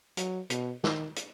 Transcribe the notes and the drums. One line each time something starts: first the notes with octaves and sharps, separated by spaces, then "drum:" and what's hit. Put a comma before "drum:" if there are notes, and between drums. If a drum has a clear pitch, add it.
F#3, drum: hi-hat
B2, drum: hi-hat
D#3, drum: snare
drum: hi-hat